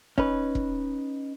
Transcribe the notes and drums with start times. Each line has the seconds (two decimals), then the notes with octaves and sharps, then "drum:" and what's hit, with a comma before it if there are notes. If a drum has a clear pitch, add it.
0.18 C#4 D#4 B4, drum: kick E1
0.55 drum: kick E1